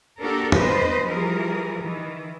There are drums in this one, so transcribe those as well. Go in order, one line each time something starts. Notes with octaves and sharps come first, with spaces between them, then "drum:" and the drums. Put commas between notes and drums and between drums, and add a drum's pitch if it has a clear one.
A#3 D4 F#4 G4 A4 A#4
B3 D4 B4 C5 D#5, drum: tom E2
E3 F3 G3 G#4 A#4
D#3 E3